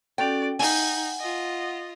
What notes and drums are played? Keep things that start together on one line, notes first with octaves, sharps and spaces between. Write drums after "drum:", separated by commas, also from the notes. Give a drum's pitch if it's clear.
C#4 F#4 A4 D5 G5
D#4 F#5 G#5, drum: open hi-hat
F4 D#5